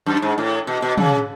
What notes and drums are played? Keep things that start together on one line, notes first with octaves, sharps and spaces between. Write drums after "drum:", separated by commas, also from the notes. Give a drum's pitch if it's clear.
F#2
G#2
A2
B2
B2
C#3, drum: tom